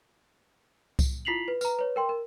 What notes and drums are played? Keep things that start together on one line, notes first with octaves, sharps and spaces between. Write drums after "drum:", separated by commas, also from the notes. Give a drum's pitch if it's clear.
drum: kick C2, tambourine
E4 F4 B6 C7 F7 F#7
B4
B4 A#5, drum: tambourine
B4 C#5
A#4 G5 C6
A#4